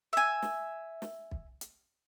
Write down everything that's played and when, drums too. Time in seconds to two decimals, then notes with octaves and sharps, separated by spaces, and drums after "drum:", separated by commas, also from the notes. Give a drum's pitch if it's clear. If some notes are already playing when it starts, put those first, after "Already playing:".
0.13 E5 G#5
0.42 drum: snare
1.02 drum: snare
1.31 drum: kick
1.61 drum: hi-hat